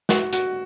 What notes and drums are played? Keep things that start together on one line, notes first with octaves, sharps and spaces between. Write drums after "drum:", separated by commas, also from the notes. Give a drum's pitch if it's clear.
F#4, drum: snare
F#4, drum: hi-hat